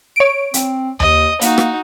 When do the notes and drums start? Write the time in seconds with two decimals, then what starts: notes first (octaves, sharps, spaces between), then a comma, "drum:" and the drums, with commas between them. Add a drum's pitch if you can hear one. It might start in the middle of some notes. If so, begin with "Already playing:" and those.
0.16 C#5 D7
0.54 C4, drum: hi-hat
1.00 D#2 D#5, drum: tom D#2
1.41 A#3 D#4 F#4, drum: hi-hat
1.58 drum: rim click